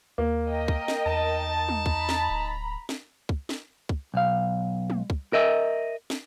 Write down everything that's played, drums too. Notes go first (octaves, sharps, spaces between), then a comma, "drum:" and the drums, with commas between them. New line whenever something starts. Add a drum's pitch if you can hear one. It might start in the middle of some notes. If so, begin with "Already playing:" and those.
D#2 A#3
A#4 D#5 G5
drum: kick
drum: snare
E2 D#4 A5
drum: tom
A#5 B5, drum: kick
drum: snare
D1
drum: snare
drum: kick
drum: snare
drum: kick
B1 F5
drum: tom
drum: kick
A#4 D#5 E5
drum: snare